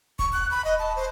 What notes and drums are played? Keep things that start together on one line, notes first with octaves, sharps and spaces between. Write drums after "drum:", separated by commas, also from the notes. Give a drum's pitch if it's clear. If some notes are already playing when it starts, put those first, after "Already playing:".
C#6, drum: kick D#1
F#6
B5
D#5
A5
C5